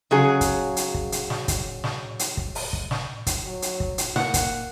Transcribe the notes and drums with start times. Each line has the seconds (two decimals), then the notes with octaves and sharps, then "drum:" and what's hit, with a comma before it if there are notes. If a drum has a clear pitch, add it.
0.11 C#3 F#3 G#4
0.41 drum: kick, hi-hat
0.77 drum: hi-hat
0.94 drum: kick
1.12 drum: hi-hat
1.30 drum: snare
1.48 drum: kick, hi-hat
1.84 drum: snare
2.19 drum: hi-hat
2.37 drum: kick
2.55 drum: open hi-hat
2.73 drum: kick
2.91 drum: snare
3.27 drum: kick, hi-hat
3.45 F#3
3.62 drum: hi-hat
3.80 drum: kick
3.98 drum: hi-hat
4.16 A#3 F#5, drum: snare
4.34 drum: kick, hi-hat